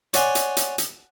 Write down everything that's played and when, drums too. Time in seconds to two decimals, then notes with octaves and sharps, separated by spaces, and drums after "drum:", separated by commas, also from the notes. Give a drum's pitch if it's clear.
0.14 C#5 D5 F#5 G#5 C6, drum: hi-hat
0.35 drum: hi-hat
0.57 drum: hi-hat
0.78 drum: hi-hat